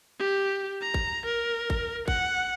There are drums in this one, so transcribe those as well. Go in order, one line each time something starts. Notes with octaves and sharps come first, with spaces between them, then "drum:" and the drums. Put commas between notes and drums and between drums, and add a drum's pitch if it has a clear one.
G4
A#5
drum: kick G#1
A#4
drum: kick G#1
F#5, drum: kick G#1